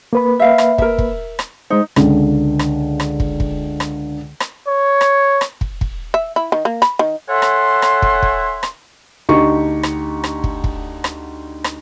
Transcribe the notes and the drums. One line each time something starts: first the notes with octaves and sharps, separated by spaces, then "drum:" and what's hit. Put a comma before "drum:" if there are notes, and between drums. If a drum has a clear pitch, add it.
A#3 B4 B5
E5 F5
drum: rim click
A#4 E5, drum: kick
drum: kick
drum: rim click
G#3 D#4 C5
C#2 D3, drum: rim click
drum: rim click
drum: rim click
drum: kick
drum: kick
drum: rim click
drum: rim click
C#5
drum: rim click
drum: rim click
drum: kick
drum: kick
E5
E4
D#3
A#3
B5, drum: rim click
D#3
A4 C#5 E5 F#5 G#5 C6
drum: rim click
drum: rim click
drum: kick
drum: kick
drum: rim click
D2 D3 D#4 G4 C#6
drum: rim click
drum: rim click
drum: kick
drum: kick
drum: rim click
drum: rim click